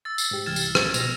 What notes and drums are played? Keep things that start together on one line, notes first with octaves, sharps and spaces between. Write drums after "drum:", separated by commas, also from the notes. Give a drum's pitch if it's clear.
E6 A6
drum: tambourine
G#2 G4
C2 E3 F6 G#6 A6 E7
drum: tambourine
drum: rim click
B2 A#6 F7, drum: tambourine